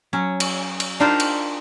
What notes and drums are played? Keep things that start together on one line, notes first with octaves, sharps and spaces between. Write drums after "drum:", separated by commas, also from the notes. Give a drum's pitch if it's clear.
F#3 C#4
drum: cymbal
drum: cymbal
D4 D#4 F4 G4 A#4 C5
drum: cymbal